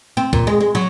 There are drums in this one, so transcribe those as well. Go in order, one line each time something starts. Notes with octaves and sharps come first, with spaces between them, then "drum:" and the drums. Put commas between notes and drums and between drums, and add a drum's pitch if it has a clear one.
C4
A#2, drum: kick
G#3
G#3
F#3